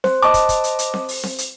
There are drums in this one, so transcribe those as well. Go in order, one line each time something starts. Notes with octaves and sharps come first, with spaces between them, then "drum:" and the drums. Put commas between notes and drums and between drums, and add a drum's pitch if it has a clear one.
C5, drum: snare C4
D#5 A5 D6
drum: kick, hi-hat
drum: kick, hi-hat
drum: hi-hat
drum: hi-hat
drum: snare C4
drum: open hi-hat
drum: snare C4
drum: hi-hat